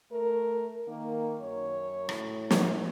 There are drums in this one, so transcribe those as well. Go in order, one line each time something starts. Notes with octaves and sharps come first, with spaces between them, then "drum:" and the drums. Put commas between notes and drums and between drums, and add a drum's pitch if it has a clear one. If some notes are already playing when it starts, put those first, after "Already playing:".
A3 A#4
D#3 A#3
F#2 C#5
A2, drum: rim click
drum: snare